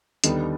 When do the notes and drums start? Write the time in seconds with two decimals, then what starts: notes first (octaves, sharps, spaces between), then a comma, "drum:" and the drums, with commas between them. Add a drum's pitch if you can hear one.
0.24 D#2 D3 G3 B3 D#4, drum: hi-hat